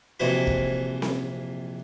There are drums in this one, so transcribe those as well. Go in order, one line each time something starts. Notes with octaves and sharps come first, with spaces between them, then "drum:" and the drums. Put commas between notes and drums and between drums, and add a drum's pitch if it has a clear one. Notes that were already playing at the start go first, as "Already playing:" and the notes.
A#1 F2 C3 E3 F#4 B5
drum: kick
drum: snare C4